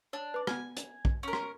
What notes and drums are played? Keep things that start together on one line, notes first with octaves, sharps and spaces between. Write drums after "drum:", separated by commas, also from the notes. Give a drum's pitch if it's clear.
D4 C#5
B4 D6
B3 G#5 F6, drum: rim click
drum: hi-hat
drum: kick A#1
C#4 A#4
drum: rim click